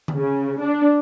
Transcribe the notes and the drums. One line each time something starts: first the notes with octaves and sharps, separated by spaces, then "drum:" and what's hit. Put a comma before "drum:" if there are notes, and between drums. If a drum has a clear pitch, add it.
drum: tom D3
C#3
D4